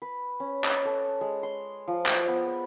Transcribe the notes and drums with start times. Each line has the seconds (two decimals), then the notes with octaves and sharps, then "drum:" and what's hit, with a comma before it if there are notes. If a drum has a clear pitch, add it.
0.02 B4
0.40 C#4
0.64 drum: clap
0.85 A4
1.21 G#3
1.43 C6
1.88 F3
2.06 drum: clap
2.28 B3
2.48 B4